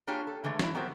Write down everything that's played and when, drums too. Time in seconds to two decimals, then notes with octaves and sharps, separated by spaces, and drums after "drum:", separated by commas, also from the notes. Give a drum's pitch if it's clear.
0.07 A#3 D4 F4 G4 G#4 C#5
0.27 A4
0.44 D3 E3 G#3 A3
0.59 F#3 E4, drum: snare
0.75 F#3 B3 C4 G4 A#4 C5